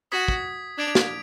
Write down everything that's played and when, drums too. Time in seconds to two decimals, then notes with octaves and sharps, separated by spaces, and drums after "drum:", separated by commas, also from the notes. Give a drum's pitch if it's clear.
0.12 F#4 D#6 G#6 B6
0.28 drum: kick
0.78 D4 D6 G#6 D7 F7
0.95 drum: snare